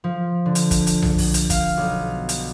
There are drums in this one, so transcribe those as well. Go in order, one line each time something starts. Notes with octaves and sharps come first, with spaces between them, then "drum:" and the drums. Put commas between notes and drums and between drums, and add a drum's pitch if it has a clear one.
F3
D3
drum: hi-hat
drum: kick, hi-hat
drum: hi-hat
drum: tom B1
drum: open hi-hat
drum: hi-hat
F5, drum: kick, hi-hat
B1
drum: hi-hat